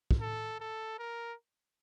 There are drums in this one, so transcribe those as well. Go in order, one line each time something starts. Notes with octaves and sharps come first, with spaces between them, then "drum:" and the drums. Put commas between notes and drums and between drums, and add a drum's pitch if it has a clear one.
drum: kick
A4
A4
A#4